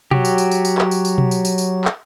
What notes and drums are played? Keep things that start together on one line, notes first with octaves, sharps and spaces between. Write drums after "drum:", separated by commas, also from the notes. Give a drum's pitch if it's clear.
F#3 F#4 G4, drum: tom B2
drum: tambourine
drum: tambourine
drum: tambourine
drum: tambourine
drum: clap
drum: tambourine
drum: tambourine
drum: tom B2
drum: tambourine
drum: tambourine
drum: tambourine
drum: clap